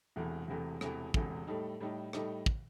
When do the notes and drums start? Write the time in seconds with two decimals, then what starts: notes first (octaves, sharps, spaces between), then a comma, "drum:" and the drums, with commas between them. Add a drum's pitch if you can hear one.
0.16 E1 E2 C3 E3 A3
0.48 E1 E2 C3 E3 A3
0.81 E1 E2 C3 E3 A3, drum: rim click
1.14 E1 E2 C3 E3 A3, drum: kick
1.47 A2 G3 D#4 A4
1.80 A2 G3 D#4 A4
2.13 A2 G3 D#4 A4, drum: rim click
2.46 drum: kick